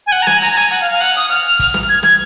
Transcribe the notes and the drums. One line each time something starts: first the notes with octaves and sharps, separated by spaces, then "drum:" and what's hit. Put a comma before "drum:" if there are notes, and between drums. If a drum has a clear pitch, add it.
G#5
F#5
A#5
G#5, drum: snare
A#5, drum: hi-hat
A#5
G#5, drum: hi-hat
F#5, drum: hi-hat
F5
F5
F#5, drum: hi-hat
D#6, drum: hi-hat
F6, drum: open hi-hat
drum: kick, hi-hat
drum: snare
G#6
G#6, drum: snare